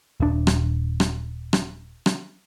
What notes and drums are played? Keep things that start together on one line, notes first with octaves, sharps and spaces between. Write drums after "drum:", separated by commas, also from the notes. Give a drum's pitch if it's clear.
D#1 D4
drum: rim click
drum: rim click
drum: rim click
drum: rim click